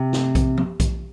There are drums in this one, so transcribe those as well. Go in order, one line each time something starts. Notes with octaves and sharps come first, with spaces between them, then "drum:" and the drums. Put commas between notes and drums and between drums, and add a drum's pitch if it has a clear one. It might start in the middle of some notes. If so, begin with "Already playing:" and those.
Already playing: C3
drum: snare
drum: kick B1, hi-hat
drum: tom F3
drum: kick B1, hi-hat